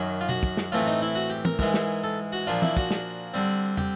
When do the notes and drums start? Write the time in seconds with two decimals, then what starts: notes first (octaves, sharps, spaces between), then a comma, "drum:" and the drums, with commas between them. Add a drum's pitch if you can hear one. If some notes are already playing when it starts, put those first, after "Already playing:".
Already playing: F#2 D#3 F#3
0.21 F4
0.29 F#4, drum: tom B2
0.43 drum: kick
0.57 drum: snare
0.72 A2 E3 A3 C4 F4
0.87 D#4
1.02 E4
1.15 F#4
1.30 G4
1.45 A#4, drum: tom
1.59 G#2 E3 G#3 A#4, drum: kick
1.74 drum: snare
2.04 A4
2.33 F#4
2.47 A#2 F3 A#3 D4 F4
2.62 E4, drum: tom
2.77 F#4, drum: kick
2.91 drum: snare
3.34 D3 G3 C4
3.77 G4, drum: tom